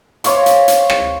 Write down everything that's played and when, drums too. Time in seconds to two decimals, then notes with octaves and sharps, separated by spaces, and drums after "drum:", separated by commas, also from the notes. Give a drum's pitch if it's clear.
0.24 C5 C#5 F5 D6, drum: hi-hat
0.46 drum: hi-hat
0.68 drum: hi-hat
0.90 drum: rim click